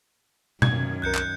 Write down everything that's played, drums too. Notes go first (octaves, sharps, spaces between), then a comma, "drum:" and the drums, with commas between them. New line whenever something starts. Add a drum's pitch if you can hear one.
F#2 D#3 G#6, drum: tom B2
C2 A#4 F#6 G6 C#7
drum: clap